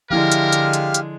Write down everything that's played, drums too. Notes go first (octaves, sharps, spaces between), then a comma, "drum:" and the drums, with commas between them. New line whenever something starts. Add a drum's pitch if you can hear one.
D3 F3 G#3 E4 G4 A#4 F5 F6
drum: hi-hat
drum: hi-hat
drum: hi-hat
drum: hi-hat